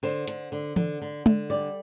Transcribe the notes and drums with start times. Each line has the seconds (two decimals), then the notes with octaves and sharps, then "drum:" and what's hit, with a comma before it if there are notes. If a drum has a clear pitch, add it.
0.03 D3 C5
0.28 D3, drum: hi-hat
0.52 D3
0.76 D3, drum: tom E3
1.02 D3
1.26 D3, drum: tom
1.50 G3 D5